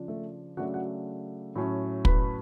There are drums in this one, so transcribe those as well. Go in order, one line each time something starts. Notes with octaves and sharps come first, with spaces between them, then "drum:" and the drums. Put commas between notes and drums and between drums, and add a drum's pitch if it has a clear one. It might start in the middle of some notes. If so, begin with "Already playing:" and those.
Already playing: C#3 F3 D4
A3 A4
C#3 F#3 A3 D4 F#4 F#5
F#4 F#5
A2 F#3 C#4
B4 B5, drum: kick